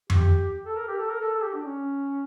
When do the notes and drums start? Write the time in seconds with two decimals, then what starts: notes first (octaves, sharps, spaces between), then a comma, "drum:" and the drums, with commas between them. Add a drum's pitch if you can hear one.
0.10 G4, drum: tom F2
0.66 A4
0.76 A#4
0.88 G4
0.99 A4
1.10 A#4
1.20 A4
1.32 A4
1.43 G4
1.54 D4
1.65 C#4